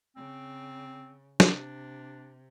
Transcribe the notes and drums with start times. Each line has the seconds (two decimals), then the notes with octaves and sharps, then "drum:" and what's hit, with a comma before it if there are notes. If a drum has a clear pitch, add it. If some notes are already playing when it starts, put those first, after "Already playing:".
0.16 C#3 C4
1.40 C3 D4, drum: snare